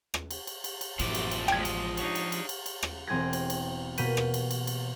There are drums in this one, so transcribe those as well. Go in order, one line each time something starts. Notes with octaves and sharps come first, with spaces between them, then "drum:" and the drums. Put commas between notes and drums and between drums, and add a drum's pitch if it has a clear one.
drum: rim click
drum: cymbal
drum: cymbal
drum: cymbal
drum: cymbal
A1 F#2 A2 E3 F3 B3 D5, drum: cymbal
drum: cymbal
drum: cymbal
G#3 G5 G#6, drum: rim click
drum: cymbal
D4 D#4 C#5, drum: cymbal
drum: cymbal
drum: cymbal
drum: cymbal
drum: cymbal
drum: rim click
E1 C4 G#4 G#6 A#6
drum: cymbal
drum: cymbal
B2 A#3 G6 B6 D#7, drum: cymbal
drum: rim click
drum: cymbal
drum: cymbal
drum: cymbal